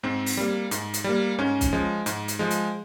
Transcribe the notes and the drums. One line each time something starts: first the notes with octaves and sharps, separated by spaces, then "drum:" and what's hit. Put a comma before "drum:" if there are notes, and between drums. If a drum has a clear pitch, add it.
G#2 C4
drum: open hi-hat
G3 A#3
G#2, drum: hi-hat
drum: hi-hat
G3 A#3
G#2 C#4
drum: kick, hi-hat
F3 G#3
G#2, drum: hi-hat
drum: hi-hat
F3 G#3
drum: hi-hat